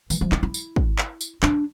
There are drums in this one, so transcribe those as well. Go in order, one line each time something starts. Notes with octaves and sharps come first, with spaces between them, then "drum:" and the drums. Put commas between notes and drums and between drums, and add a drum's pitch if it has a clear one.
E3, drum: tambourine
F3
E4, drum: clap
E4
drum: tambourine
drum: kick
drum: clap
drum: tambourine
D4, drum: clap